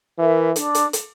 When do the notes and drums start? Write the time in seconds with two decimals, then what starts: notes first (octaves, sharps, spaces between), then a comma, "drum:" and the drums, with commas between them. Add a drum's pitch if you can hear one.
0.18 E3 A#4 E5
0.56 D4, drum: hi-hat
0.75 drum: hi-hat
0.93 drum: hi-hat